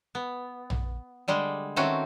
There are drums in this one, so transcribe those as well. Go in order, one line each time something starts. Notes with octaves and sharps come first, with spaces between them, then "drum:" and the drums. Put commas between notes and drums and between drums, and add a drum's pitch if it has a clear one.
B3
drum: tom A#1
D3 G3 G#3
D#3 A3 C4 C#4 F#4